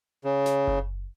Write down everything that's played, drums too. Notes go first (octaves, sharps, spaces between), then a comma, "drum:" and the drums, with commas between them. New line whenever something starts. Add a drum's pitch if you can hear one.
C#3
drum: snare
drum: kick F#1